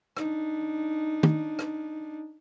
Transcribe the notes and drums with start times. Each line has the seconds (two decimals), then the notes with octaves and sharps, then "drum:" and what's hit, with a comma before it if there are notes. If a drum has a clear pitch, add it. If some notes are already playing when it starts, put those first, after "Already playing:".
0.17 D4 D#4, drum: rim click
1.23 drum: tom
1.59 drum: rim click